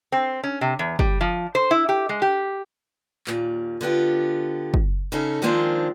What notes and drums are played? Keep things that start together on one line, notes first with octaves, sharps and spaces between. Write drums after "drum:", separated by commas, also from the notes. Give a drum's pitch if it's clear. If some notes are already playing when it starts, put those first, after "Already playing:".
C4
C#4
C3
E2
G3, drum: kick
F3
C5
E4
G4
G#3
G4
D#2 A#2, drum: clap
D3 B3 F4 G4
drum: kick
C#3 C#4 D#4 A4
D#3 F3 G#3 A#3 C4 D4